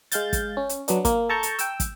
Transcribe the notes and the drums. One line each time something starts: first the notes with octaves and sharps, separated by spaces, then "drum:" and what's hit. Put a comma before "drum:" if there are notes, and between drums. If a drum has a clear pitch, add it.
G#3 F5 G6 A6, drum: hi-hat
drum: kick, hi-hat
C#4
drum: hi-hat
F#3 B3 D4, drum: hi-hat
A#3, drum: kick, hi-hat
A4 A5 A#5 C#6 G6
drum: hi-hat
G5 E6, drum: hi-hat
drum: kick, hi-hat